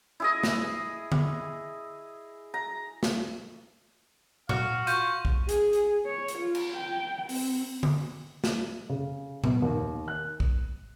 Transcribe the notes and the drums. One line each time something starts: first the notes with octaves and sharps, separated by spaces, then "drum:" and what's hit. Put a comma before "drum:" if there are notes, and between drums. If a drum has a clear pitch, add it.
E4 G#4 D#5
drum: snare
drum: tom D3
A#5
drum: snare
F#4 F5, drum: tom A#2
F4 C#6 G6, drum: hi-hat
drum: kick B1
G#4, drum: hi-hat
drum: hi-hat
C#5
drum: hi-hat
F4
drum: cymbal
G5
C4, drum: open hi-hat
drum: tom D3
drum: snare
C#3
B3, drum: tom A#2
D#2
F#6
drum: kick B1